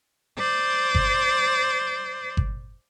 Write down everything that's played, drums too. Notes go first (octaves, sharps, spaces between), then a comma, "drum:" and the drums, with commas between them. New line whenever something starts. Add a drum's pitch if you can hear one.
C5 D5
drum: kick G1
drum: kick G1